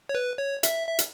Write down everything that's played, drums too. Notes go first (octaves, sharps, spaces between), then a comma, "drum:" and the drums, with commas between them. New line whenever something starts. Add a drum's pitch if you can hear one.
C#5
B4
C#5
E5, drum: hi-hat
E5
drum: hi-hat